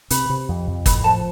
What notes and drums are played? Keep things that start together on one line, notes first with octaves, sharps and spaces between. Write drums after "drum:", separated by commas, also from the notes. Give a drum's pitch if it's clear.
C3 B4 B5, drum: hi-hat
C3
F2
F2
A2 B4 B5, drum: kick, hi-hat
F3 A4 A5